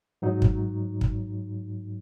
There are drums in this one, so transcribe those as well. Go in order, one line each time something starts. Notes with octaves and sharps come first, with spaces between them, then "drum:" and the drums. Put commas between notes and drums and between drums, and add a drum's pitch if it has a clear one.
G#2 F#3 D#4
drum: kick
drum: kick